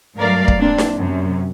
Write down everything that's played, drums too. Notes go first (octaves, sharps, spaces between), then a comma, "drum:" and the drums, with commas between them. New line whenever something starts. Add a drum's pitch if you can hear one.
G2 F#3 A3 A#4 D5 F5
drum: kick
A#3 C4 D4
drum: snare
F#2 C3